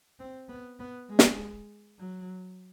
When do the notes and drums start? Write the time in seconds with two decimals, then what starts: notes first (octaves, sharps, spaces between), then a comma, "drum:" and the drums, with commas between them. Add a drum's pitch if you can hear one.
0.20 C4
0.49 B3
0.79 B3
1.09 G#3
1.19 drum: snare
1.99 F#3